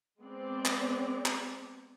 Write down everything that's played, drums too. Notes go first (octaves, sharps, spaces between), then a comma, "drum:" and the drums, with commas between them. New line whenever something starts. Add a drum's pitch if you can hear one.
G#3 B3 C4 D5
drum: clap
drum: clap